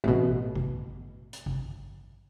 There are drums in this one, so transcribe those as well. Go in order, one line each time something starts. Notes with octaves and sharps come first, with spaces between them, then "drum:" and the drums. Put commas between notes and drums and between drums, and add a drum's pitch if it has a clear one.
A1 B2, drum: tom E3
drum: kick G#1
drum: hi-hat
drum: kick G#1